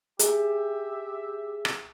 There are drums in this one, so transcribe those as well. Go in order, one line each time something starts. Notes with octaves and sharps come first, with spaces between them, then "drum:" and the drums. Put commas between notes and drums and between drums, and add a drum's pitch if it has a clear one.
G4 G#4 E5, drum: hi-hat
drum: rim click